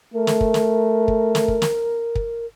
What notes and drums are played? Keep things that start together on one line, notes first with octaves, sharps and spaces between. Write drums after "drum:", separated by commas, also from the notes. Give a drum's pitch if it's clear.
A3 A#4
drum: snare
drum: kick
drum: snare
drum: kick
drum: snare
drum: kick
drum: snare
drum: kick